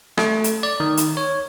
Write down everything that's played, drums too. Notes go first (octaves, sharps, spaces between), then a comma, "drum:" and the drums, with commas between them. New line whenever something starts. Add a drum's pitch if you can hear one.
A3, drum: rim click
drum: hi-hat
D5
D#3
drum: hi-hat
C#5